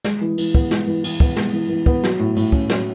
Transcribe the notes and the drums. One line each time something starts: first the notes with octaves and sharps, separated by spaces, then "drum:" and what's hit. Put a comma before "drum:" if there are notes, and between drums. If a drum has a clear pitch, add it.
G#3, drum: snare
E3
E3, drum: cymbal
B3, drum: kick
G#3, drum: snare
E3
E3, drum: cymbal
B3, drum: kick
G#3, drum: snare
E3
E3
B3, drum: kick
F#3, drum: snare
A2
A2, drum: cymbal
C#4, drum: kick
F#3, drum: snare